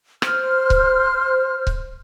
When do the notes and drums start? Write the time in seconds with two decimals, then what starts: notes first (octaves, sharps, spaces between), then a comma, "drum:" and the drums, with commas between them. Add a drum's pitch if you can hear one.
0.22 C5 F6, drum: rim click
0.70 drum: kick C#1
1.67 drum: kick C#1